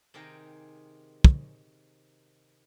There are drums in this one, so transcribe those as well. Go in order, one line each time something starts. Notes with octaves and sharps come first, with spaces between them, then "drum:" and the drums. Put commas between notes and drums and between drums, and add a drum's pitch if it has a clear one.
C3 D#3 G#4 G5 A#5
drum: kick